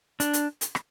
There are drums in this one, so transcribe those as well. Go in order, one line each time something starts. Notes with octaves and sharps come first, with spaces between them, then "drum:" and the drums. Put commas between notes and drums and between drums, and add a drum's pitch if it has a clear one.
D4, drum: hi-hat
drum: hi-hat
drum: hi-hat
drum: rim click